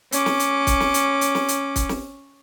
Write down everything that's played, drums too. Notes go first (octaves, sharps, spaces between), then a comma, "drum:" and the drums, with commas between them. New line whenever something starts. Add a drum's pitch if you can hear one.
C#4 D6, drum: hi-hat
drum: snare
drum: hi-hat
drum: kick, hi-hat
drum: snare
drum: hi-hat
drum: hi-hat
drum: snare
drum: hi-hat
drum: kick, hi-hat
drum: snare